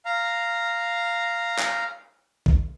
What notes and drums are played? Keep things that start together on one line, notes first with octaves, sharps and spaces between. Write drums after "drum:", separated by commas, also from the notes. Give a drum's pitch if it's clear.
F5 A#5
drum: clap
drum: kick A#1